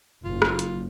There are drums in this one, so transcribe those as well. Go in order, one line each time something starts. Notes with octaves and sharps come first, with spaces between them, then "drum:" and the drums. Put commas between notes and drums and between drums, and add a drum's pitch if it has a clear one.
F#1 F4
drum: rim click
drum: hi-hat